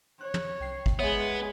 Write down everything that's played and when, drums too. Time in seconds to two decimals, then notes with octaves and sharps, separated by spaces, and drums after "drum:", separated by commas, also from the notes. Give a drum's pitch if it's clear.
0.21 C#5 F#6
0.34 drum: tom
0.60 C2 G5 C7
0.86 drum: kick
0.99 G#3 B3 G#4 C#5 E5